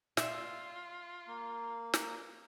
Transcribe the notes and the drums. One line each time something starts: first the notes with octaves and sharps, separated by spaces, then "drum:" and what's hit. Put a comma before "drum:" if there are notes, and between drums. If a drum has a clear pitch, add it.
F4 E5, drum: snare
A#3
drum: snare